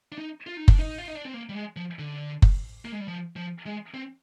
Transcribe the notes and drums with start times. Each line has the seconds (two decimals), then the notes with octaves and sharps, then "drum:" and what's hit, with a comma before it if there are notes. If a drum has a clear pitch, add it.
0.12 D4
0.18 D#4
0.47 F4
0.57 D#4
0.68 D4, drum: kick F#1
0.79 D#4
0.98 F4
1.08 D#4
1.15 D4
1.25 C4
1.34 A#3
1.49 G3
1.55 G#3
1.76 F3
1.99 D3
2.42 drum: kick F#1
2.85 A#3
2.92 G#3
3.00 G3
3.08 F3
3.36 F3
3.66 G#3
3.94 C4